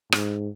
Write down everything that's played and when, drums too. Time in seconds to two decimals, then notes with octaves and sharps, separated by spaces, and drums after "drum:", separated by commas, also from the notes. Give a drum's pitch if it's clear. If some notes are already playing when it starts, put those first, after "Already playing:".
0.12 G#2, drum: rim click